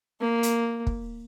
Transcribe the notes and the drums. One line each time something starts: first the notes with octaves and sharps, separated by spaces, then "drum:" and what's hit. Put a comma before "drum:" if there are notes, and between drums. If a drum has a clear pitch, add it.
A#3
drum: hi-hat
drum: kick